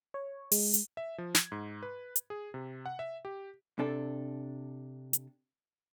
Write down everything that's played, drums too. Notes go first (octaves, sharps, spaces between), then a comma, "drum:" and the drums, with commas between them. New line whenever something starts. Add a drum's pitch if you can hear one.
C#5
G#3, drum: open hi-hat
drum: hi-hat
E5
F3
G#6, drum: snare
G#2
B4
drum: hi-hat
G#4
C3
F#5
E5
G4
C3 D4 A4
drum: hi-hat